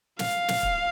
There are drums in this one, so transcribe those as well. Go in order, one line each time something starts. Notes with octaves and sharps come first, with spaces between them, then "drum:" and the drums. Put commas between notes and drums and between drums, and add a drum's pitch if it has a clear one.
F5, drum: snare
drum: snare
drum: kick